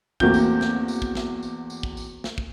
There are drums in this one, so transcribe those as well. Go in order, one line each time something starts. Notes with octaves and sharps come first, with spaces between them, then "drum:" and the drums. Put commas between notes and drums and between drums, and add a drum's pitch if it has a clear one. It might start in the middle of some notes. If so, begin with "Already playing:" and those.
E2 A3 A#3 C4 F#4 G6, drum: kick
drum: tambourine
drum: snare
drum: tambourine
drum: kick
drum: snare
drum: tambourine
drum: tambourine
drum: kick
drum: tambourine
drum: snare
drum: kick